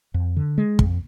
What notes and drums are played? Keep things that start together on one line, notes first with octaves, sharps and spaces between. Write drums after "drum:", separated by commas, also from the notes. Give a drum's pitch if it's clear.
F2
D3
G#3
F2, drum: kick